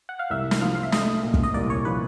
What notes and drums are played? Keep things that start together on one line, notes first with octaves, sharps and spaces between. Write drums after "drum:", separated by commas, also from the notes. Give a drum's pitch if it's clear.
F#5
F5
C2 E5
drum: snare
F3 F5
F5
E5
A3 D#5, drum: snare
A#2
drum: kick
D#5
C2 D5
C#5
F3 B4